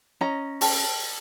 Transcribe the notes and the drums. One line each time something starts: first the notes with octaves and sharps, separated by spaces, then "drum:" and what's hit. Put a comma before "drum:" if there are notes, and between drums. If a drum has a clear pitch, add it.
C#4 D#5 A#5
G5 A5 C#6, drum: open hi-hat